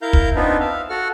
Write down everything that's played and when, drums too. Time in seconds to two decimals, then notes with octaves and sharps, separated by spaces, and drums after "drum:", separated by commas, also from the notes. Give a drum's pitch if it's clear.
0.02 E4 A#4 F5 A#5 G6
0.13 drum: kick
0.35 B3 C4 D4 D#4 F4 B4
0.60 E5 F5
0.90 F#4 A4 F#5 F6